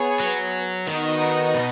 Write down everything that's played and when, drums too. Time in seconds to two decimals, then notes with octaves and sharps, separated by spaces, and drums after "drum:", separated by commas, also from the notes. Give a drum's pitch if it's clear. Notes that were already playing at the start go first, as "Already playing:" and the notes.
Already playing: B3 G#4 C#5
0.20 F#3, drum: hi-hat
0.87 D#3 B3 D#4 F#4 D#5, drum: hi-hat
1.21 drum: open hi-hat
1.54 B2